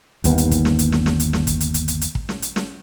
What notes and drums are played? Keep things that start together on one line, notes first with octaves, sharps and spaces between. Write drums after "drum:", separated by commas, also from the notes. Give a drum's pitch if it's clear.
G1 D#2 B3, drum: hi-hat
drum: hi-hat
drum: kick, hi-hat
drum: snare
drum: hi-hat
drum: snare
drum: snare
drum: hi-hat
drum: snare
drum: kick, hi-hat
drum: hi-hat
drum: hi-hat
drum: hi-hat
drum: hi-hat
drum: kick
drum: snare
drum: hi-hat
drum: snare